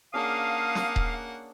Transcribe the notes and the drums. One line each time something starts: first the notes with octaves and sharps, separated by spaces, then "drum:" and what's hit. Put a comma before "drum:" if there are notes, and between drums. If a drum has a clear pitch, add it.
A#3 C#4 D4 G#4 F5 F#5 D#6
drum: snare
drum: kick D#1